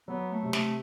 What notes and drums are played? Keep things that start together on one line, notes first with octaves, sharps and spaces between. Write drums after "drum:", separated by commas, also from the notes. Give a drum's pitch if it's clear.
F#3 B3
A3
C3
A3, drum: snare